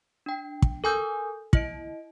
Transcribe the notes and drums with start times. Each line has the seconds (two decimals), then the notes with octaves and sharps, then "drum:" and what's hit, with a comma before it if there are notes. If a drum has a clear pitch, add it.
0.26 D4 G5
0.62 drum: kick
0.84 A4 A#4 G#5 D#6 E6 G6
1.53 E4 D#5 D7, drum: kick